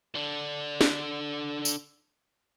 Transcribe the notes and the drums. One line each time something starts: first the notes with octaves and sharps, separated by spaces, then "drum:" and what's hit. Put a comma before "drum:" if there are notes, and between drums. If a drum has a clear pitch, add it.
D3 D4
drum: snare
drum: tambourine